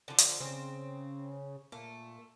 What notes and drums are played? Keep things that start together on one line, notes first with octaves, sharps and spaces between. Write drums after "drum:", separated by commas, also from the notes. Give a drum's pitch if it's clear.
D3 F3
drum: hi-hat
C#3 C4
A#2 A3